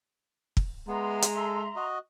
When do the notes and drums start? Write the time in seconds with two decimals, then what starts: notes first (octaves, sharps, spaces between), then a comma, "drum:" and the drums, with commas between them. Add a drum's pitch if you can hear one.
0.57 drum: kick
0.88 G#3 B3 E5 A#5 C6
1.22 drum: hi-hat
1.36 A4
1.76 F#4 D#5